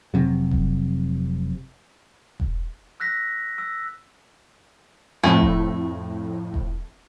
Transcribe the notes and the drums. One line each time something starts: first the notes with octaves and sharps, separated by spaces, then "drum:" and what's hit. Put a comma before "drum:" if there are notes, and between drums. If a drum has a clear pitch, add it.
F1 C3 F#3
drum: kick E1
drum: kick E1
E6 F#6 A#6 B6
E6
F2 A2 A3 E4 G#5
drum: kick E1
drum: kick E1